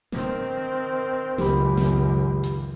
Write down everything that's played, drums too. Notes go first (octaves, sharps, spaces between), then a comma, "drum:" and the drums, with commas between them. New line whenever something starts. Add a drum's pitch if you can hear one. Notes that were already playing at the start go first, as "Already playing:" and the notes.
D#3 C4, drum: snare
C#2 F#2 D#3 G4 B5, drum: snare
drum: snare
drum: hi-hat